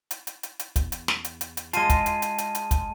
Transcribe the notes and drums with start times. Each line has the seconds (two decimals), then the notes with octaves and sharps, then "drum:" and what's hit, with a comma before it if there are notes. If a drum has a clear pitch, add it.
0.11 drum: hi-hat
0.27 drum: hi-hat
0.43 drum: hi-hat
0.59 drum: hi-hat
0.76 E2, drum: kick, hi-hat
0.92 drum: hi-hat
1.08 drum: snare
1.25 drum: hi-hat
1.41 drum: hi-hat
1.57 drum: hi-hat
1.73 G#3 F4 A5 D#7, drum: hi-hat
1.90 drum: kick, hi-hat
2.06 drum: hi-hat
2.22 drum: hi-hat
2.38 drum: hi-hat
2.55 drum: hi-hat
2.71 drum: kick, hi-hat